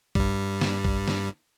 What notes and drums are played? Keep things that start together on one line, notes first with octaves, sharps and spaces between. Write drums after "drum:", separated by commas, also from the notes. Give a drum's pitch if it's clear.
G2 G3, drum: kick A#1
drum: snare
drum: kick A#1
drum: snare